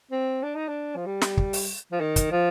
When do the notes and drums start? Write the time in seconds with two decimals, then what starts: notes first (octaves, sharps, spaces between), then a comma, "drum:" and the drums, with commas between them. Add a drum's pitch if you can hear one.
0.11 C4
0.43 D4
0.55 D#4
0.68 D4
0.96 F3
1.06 G3
1.22 drum: snare
1.37 drum: kick
1.53 drum: open hi-hat
1.92 F3
2.00 D#3
2.16 drum: kick, hi-hat
2.32 F3